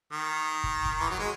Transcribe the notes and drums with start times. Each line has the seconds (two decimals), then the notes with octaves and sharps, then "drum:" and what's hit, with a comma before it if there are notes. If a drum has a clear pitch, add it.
0.12 D#3
0.64 drum: kick
0.85 drum: kick
1.00 E3
1.10 F#3
1.20 G#3